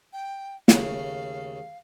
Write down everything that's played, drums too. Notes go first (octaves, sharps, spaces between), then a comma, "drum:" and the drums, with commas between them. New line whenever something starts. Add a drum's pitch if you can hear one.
G5
D#2 C#3 A3 F5, drum: snare